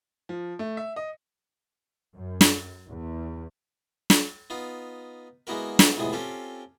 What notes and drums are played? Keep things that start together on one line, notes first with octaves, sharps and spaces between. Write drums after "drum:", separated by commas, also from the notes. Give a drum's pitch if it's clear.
F3
A3
E5
D#5
F#2
drum: snare
E2
drum: snare
B3 D#4 F4
G#3 A#3 B3 E4 F#4 A#4
drum: snare
C2 F2 A2 G#3 B3 G#4
C4 C#4 F4 G4 A4